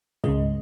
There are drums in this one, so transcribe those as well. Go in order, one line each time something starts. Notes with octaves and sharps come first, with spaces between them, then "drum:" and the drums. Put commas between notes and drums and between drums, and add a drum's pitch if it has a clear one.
C#2 C#3 G#3 D#5, drum: tom